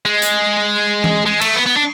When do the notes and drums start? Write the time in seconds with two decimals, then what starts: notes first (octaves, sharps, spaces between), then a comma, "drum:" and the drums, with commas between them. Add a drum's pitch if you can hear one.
0.05 G#3
0.22 drum: hi-hat
1.04 drum: tom E3
1.26 G#3
1.41 A3, drum: cymbal
1.56 B3
1.66 B3
1.77 D4